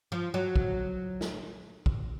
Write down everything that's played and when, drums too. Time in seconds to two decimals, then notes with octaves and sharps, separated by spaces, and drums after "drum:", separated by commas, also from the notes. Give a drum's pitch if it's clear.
0.12 F3
0.34 F#3
0.56 drum: kick
1.21 drum: snare
1.86 drum: kick